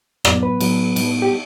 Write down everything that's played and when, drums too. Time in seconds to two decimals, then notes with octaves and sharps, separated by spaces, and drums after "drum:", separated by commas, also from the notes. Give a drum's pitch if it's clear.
0.25 A2 F#3 B3 D5, drum: rim click
0.43 B4
0.61 A2 F#3 B3, drum: cymbal
0.96 A2 G3 B3, drum: cymbal
1.22 G4